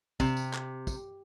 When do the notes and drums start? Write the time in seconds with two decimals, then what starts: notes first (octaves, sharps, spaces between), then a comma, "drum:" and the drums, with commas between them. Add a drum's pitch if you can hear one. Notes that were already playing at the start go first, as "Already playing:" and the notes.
0.20 C3, drum: kick, tambourine
0.37 drum: tambourine
0.53 drum: clap
0.87 drum: kick, tambourine